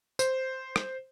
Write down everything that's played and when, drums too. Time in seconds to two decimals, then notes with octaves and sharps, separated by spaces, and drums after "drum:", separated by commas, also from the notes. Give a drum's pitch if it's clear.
0.19 C5, drum: tambourine
0.76 drum: rim click